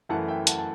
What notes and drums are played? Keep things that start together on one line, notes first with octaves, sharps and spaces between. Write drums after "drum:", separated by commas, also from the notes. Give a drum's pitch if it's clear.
F#2 E3 A3 F#5 A5
E5 G5
F#5 A5, drum: hi-hat
A5